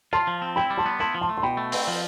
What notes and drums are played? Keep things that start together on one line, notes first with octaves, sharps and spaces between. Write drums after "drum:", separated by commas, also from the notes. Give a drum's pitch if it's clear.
F4 A5 C6
F3
C4
E4 G5 B5
G3
A5 C6
B3
E4 A5 C6
F3
A5 C6
A3
C6
B2 G5 B5
A3
C4, drum: open hi-hat
F3